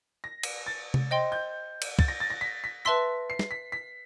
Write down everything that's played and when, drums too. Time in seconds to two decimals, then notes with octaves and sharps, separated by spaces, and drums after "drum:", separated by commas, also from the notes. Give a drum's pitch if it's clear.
0.24 A#6
0.43 drum: cymbal
0.67 A6
0.94 drum: tom C3
1.11 C5 D#5 G5 C6
1.32 G6
1.82 drum: cymbal
1.99 A6, drum: kick
2.08 A#6
2.20 A6
2.30 A#6
2.41 B6
2.64 B6
2.85 B4 E5 A5 C6 E6 B6
3.30 C7
3.39 drum: snare
3.51 B6
3.72 B6